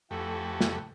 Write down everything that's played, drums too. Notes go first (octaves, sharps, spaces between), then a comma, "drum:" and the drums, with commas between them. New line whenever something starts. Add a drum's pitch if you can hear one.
F2 E3 A3 F#4 G4 A4
drum: snare